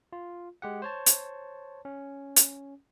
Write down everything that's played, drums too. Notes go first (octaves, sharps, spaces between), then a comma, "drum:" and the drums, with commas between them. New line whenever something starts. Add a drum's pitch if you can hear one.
F4
G#3 G4 F#5
C5 C#5 A5
drum: hi-hat
C#4
drum: hi-hat